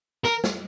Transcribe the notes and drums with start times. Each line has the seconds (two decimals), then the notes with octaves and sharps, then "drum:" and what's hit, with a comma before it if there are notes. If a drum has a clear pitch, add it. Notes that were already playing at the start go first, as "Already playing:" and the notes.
0.25 A#4, drum: tambourine
0.44 drum: snare